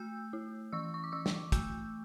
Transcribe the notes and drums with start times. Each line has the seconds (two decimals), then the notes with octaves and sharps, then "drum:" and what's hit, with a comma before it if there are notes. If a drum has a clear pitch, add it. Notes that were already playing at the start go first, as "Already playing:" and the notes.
Already playing: A3 E6 G6
0.33 E4
0.72 E3 C#6 E6
0.94 C#6
1.04 D6
1.12 E3 C#6 E6
1.26 drum: snare
1.52 A3 E6 G6, drum: kick, hi-hat